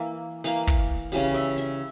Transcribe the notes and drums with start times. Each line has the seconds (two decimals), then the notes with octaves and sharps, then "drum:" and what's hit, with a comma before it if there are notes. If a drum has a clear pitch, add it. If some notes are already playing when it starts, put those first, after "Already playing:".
Already playing: E3 A#3 E5
0.44 E3 A#3 F5
0.67 drum: kick
1.12 C#3 E3 G3 F5
1.34 E5
1.58 E5